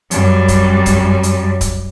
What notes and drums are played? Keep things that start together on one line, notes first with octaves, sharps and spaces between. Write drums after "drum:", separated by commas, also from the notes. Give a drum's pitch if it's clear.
F#2 G3, drum: hi-hat
drum: kick D1, hi-hat
drum: kick D1, hi-hat
drum: hi-hat
drum: kick D1, hi-hat